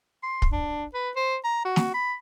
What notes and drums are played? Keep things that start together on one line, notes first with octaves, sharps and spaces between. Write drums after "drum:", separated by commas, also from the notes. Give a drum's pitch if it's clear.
C6
drum: kick
D4
B4
C5
A#5
F#4
drum: snare
B5